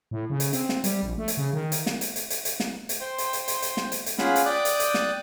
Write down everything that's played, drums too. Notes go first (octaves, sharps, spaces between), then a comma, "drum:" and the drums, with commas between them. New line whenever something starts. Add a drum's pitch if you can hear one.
A2
C#3
drum: hi-hat
C4, drum: hi-hat
drum: snare
G3, drum: hi-hat
A#1
A3
drum: hi-hat
C#3
D#3
drum: hi-hat
drum: snare
drum: hi-hat
drum: hi-hat
drum: hi-hat
drum: hi-hat
drum: snare
drum: hi-hat
C5 G5 C6
drum: hi-hat
drum: hi-hat
drum: hi-hat
drum: hi-hat
drum: snare
drum: hi-hat
drum: hi-hat
C#4 F4 G#4 F5 F#5 B5, drum: snare
drum: hi-hat
D5 G5 D6 D#6 F#6
drum: hi-hat
drum: hi-hat
drum: snare